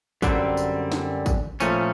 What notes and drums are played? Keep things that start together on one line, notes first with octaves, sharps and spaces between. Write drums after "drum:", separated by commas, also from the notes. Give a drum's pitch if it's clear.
F#2 D3 G3 C4, drum: kick, tambourine
drum: tambourine
drum: snare
drum: kick, tambourine
A#2 F3 A3 C#4, drum: tambourine